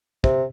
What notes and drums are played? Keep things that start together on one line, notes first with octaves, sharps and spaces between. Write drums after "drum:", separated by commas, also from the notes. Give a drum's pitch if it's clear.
C3, drum: kick